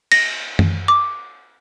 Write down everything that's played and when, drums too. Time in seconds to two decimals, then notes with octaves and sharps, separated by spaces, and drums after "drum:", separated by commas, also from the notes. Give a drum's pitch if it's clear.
0.12 A#6, drum: cymbal
0.59 drum: tom F#2
0.88 D6